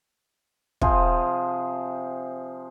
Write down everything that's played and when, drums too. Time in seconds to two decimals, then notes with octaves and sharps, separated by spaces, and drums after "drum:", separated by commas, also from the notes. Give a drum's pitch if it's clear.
0.81 C3 F3 G#4 C5, drum: kick